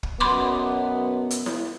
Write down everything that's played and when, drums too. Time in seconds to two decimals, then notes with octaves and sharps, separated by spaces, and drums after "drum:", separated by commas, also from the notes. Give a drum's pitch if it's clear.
0.03 drum: kick
0.20 F#2 B2 B3 B5 C6 D6
1.31 drum: hi-hat
1.46 drum: snare E4